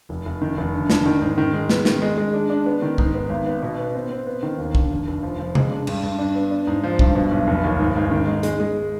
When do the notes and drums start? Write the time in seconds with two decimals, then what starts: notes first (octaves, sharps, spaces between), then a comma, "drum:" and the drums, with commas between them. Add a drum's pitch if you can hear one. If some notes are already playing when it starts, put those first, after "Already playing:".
0.09 F1
0.25 F1
0.41 D#3
0.57 F1
0.73 D3
0.90 D4, drum: snare
1.06 D#3
1.21 G#2
1.38 D#3
1.53 G#3
1.70 B3, drum: snare
1.85 D#3, drum: snare
2.02 G#3
2.18 G#3
2.34 D4
2.50 D4
2.66 B3
2.82 D#3
2.98 G#2, drum: kick
3.14 B3
3.30 G#1
3.46 B3
3.62 B2
3.78 B3
3.95 C4
4.10 C4
4.26 B3
4.43 D#3
4.58 D#2
4.75 D3, drum: kick
4.91 F1
5.07 F1
5.23 F3
5.39 F3
5.55 G#3, drum: tom C3
5.71 D4
5.87 G2, drum: cymbal
6.03 G2
6.19 D4
6.35 B3
6.51 D4
6.67 G#2
6.83 F3
6.99 G2, drum: kick
7.15 B2
7.31 B1
7.47 F1
7.64 D#2
7.79 G#2
7.96 G#2
8.11 D#3
8.27 G#3
8.43 G#3, drum: hi-hat
8.60 G#3